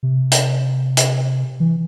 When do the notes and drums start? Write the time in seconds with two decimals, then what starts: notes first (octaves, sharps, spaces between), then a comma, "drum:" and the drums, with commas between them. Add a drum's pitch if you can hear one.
0.03 C3
0.32 drum: hi-hat
0.97 drum: hi-hat
1.60 E3